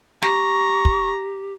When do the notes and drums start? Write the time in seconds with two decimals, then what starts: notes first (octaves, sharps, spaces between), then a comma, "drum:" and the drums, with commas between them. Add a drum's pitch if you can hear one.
0.22 G4 A#5 C#6, drum: snare
0.85 drum: kick